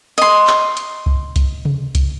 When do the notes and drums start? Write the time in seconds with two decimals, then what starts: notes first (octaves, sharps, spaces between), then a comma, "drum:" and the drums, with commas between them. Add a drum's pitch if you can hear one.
0.18 D#5 C6, drum: hi-hat
0.47 drum: clap
0.77 drum: hi-hat
1.06 drum: kick C2
1.36 drum: kick C2, hi-hat
1.65 drum: tom C3
1.95 drum: kick C2, hi-hat